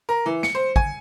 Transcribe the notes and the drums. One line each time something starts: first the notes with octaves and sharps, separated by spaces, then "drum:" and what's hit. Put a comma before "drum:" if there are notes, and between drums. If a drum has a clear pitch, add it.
A#4
E3
C#7, drum: snare
C5
G#5, drum: kick